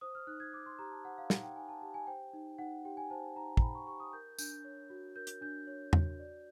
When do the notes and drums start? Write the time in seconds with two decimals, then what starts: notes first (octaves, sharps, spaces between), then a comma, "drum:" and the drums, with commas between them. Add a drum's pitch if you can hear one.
0.01 C5 D#6
0.15 F6
0.27 D#4 F#6
0.40 G#6
0.53 D#4 D6
0.66 C6
0.79 G4 A#5
0.91 A5
1.05 C5 F#5
1.18 F5
1.30 D#4 F#5, drum: snare
1.43 G5
1.56 D#4 G#5
1.69 A5
1.81 G4 A5
1.94 G#5
2.07 C5 G5
2.33 D#4
2.58 D#4 F#5
2.85 G4 G5
2.97 G#5
3.10 C5 A5
3.36 D#4 A#5
3.57 A#5, drum: kick
3.61 D#4 B5
3.75 C#6
3.87 G4 C#6
4.00 D#6
4.13 A#4 G6
4.38 D4 G6, drum: tambourine
4.64 C#5
4.90 F#4
5.16 A#4 G6
5.27 drum: hi-hat
5.41 D4 G6
5.67 C#5
5.93 F#4, drum: tom E2
6.19 D5